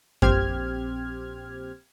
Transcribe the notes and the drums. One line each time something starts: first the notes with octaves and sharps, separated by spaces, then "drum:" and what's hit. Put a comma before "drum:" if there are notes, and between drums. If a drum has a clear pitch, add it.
A#1 C4 G4 C5 F6 G#6, drum: kick F#2